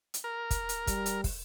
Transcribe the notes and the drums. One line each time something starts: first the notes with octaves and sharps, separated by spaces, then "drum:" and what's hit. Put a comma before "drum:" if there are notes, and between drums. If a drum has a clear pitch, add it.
drum: hi-hat
A#4
drum: kick, hi-hat
drum: hi-hat
G3, drum: kick, hi-hat
drum: hi-hat
drum: kick, open hi-hat